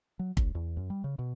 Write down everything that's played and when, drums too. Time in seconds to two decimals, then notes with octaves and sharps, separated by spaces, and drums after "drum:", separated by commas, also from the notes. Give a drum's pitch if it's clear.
0.19 F#3
0.37 C#2, drum: kick
0.55 E2
0.77 F#2
0.90 G3
1.04 C#3
1.19 B2